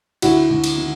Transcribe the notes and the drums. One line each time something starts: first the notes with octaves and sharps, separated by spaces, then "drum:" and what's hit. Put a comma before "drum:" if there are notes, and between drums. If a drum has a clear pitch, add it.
D2 E4 F#4, drum: cymbal
D2
drum: cymbal
D#3